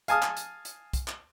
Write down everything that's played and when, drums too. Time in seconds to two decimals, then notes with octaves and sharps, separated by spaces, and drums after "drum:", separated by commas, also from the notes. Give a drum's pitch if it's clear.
0.08 F5 G#5 A5 D#6 F6, drum: hi-hat
0.22 drum: clap
0.37 drum: hi-hat
0.65 drum: hi-hat
0.93 drum: kick, hi-hat
1.08 drum: clap